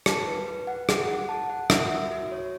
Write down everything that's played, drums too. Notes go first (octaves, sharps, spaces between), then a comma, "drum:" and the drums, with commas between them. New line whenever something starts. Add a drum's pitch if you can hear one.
A5, drum: rim click
B4
B4
F#5
G#4, drum: rim click
F#5
A5
F#5
E5, drum: rim click
E5
F#4
C#5